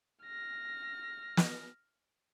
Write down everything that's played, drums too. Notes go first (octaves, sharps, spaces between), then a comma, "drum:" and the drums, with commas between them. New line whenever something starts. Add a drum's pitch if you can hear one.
F6 A#6
drum: snare